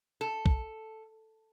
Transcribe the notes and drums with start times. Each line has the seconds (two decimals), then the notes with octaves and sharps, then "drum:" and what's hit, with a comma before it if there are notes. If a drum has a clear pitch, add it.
0.21 A4
0.46 drum: kick